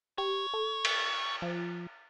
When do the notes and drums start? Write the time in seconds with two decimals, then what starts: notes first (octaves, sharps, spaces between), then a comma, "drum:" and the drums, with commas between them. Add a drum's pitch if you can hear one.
0.18 G4 C#5
0.54 A4
0.85 drum: cymbal
1.42 F3